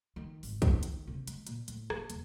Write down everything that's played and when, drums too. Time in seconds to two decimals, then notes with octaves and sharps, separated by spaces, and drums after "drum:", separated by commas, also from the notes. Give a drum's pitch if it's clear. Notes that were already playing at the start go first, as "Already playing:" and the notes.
0.16 D#3
0.43 G#1, drum: open hi-hat
0.62 D#1, drum: kick, hi-hat
0.83 D#3, drum: hi-hat
1.07 C3
1.27 G#3, drum: hi-hat
1.47 A#2, drum: hi-hat
1.68 A2, drum: hi-hat
1.90 A#3, drum: rim click
2.10 E1, drum: hi-hat